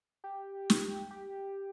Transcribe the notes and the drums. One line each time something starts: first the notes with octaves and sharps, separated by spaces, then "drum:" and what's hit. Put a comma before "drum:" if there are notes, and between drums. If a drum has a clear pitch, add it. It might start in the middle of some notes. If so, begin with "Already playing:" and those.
G4
drum: snare
G4